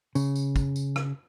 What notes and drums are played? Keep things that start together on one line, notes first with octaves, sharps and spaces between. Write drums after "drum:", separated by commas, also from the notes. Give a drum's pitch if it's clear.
C#3, drum: tambourine
drum: tambourine
drum: kick, tambourine
drum: tambourine
drum: rim click